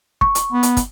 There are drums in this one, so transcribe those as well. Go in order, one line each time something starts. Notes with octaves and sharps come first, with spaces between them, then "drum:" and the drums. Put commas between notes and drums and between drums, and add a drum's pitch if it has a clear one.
C#6, drum: kick
drum: hi-hat
B3
drum: hi-hat
drum: kick, hi-hat